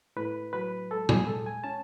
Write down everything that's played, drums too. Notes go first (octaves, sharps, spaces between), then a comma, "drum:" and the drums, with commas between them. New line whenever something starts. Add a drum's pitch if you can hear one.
A2 B4
F#3 B4
G#3 A4
G#4, drum: tom A#2
G#3 A4
G#5
C#4 A5